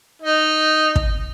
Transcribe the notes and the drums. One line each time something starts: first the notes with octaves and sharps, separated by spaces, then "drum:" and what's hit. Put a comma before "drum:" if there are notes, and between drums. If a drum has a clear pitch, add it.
D#4
drum: kick